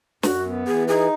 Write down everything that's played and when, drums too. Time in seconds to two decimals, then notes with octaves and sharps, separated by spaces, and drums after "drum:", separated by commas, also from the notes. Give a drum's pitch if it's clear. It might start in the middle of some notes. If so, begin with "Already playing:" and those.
0.23 F#2 F#4, drum: snare
0.45 B3
0.67 E3 G#4
0.88 D#4 G#4